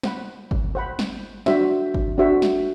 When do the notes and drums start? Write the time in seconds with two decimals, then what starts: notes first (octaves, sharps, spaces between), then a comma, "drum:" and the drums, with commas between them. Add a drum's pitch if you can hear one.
0.03 C5 F#5 B5, drum: snare
0.51 drum: kick G1
0.75 C5 F#5 B5
0.99 drum: snare
1.46 D4 F#4 C5 E5, drum: snare
1.94 drum: kick G1
2.18 D4 F#4 C5 E5
2.42 drum: snare